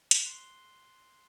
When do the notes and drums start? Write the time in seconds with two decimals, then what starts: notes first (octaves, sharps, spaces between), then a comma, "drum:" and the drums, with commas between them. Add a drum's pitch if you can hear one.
0.11 drum: hi-hat
0.21 C6 F#6 C7 D#7 G7